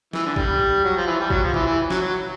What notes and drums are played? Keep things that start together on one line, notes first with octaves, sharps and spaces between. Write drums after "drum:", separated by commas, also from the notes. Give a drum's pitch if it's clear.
E3, drum: snare
D3
G3, drum: kick
F#3
F3
E3
G3
F#3, drum: kick
F3
E3, drum: tom
E3
F#3, drum: snare
F#3